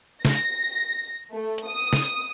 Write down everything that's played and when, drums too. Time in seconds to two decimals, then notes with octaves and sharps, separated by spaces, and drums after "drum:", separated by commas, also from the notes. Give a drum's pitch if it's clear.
0.25 A#6, drum: snare
1.32 A3
1.58 drum: hi-hat
1.67 D#6
1.93 drum: snare